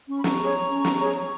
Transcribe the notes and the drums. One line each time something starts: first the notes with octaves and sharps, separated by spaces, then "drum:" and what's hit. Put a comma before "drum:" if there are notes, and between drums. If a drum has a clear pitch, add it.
C#4 C#6
B5
A#5 C#6, drum: snare
G#4 C#5
C#4
drum: snare
G#4 C#5
C#6